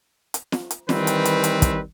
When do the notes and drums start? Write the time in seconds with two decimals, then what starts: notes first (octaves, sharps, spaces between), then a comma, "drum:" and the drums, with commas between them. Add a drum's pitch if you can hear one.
0.34 drum: hi-hat
0.52 drum: snare
0.71 drum: hi-hat
0.89 D#3 E3 G3 C4 B4, drum: snare
1.07 drum: hi-hat
1.25 drum: hi-hat
1.44 drum: hi-hat
1.62 drum: kick, hi-hat